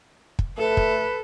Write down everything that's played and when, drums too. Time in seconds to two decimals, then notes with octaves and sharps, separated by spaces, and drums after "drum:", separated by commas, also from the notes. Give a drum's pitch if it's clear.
0.39 drum: kick
0.58 A3 A4 B4
0.77 drum: kick